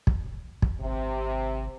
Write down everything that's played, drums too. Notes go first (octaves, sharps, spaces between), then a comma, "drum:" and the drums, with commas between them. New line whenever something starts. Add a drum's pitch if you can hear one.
drum: kick
drum: kick
G#1 C3